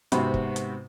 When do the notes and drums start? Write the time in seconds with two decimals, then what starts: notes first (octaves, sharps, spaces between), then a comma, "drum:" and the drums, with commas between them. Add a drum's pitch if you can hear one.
0.12 G#2 C3 B3 C4 F#4 B5, drum: hi-hat
0.34 drum: kick
0.56 drum: hi-hat